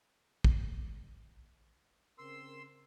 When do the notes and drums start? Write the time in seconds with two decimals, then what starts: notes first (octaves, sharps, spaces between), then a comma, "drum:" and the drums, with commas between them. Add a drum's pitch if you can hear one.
0.44 drum: kick
2.18 C#3 C4 A#4 C6 E6